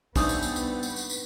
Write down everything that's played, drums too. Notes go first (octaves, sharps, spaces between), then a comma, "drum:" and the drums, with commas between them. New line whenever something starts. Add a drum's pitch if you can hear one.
G3 A3 B3 C4 D4 D#4 D#6, drum: kick, tambourine
drum: tambourine
drum: tambourine
drum: tambourine
drum: tambourine
drum: tambourine
drum: tambourine